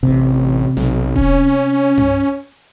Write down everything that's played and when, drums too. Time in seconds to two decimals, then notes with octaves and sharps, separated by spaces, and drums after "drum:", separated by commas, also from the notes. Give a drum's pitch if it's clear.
0.03 A1 C3
0.77 B1, drum: snare
1.16 C#4, drum: kick D#1
1.97 drum: tom G2